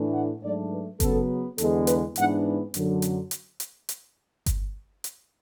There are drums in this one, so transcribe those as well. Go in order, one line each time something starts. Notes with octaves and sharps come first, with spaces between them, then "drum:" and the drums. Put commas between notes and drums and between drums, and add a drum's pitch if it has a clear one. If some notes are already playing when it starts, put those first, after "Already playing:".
Already playing: A2 E3 A3 D4
F#5
G#2 F#3 A3 D4 D5
B4
C#3 F#3 B3 A4, drum: kick G1, hi-hat
E2 D3 G#3 B3 A4, drum: hi-hat
B4, drum: hi-hat
G#2 E3 B3 D4 F#5, drum: hi-hat
F#2 D3 F#3, drum: hi-hat
drum: hi-hat
drum: hi-hat
drum: hi-hat
drum: hi-hat
drum: kick G1, hi-hat
drum: hi-hat